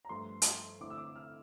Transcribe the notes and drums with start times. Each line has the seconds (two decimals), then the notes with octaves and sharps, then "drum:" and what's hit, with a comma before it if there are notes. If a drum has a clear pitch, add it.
0.05 A#5
0.09 G2 F3 A3 C6
0.42 drum: hi-hat
0.81 D3 A3 C4 E4 D6
0.90 E6
0.98 D6
1.16 F6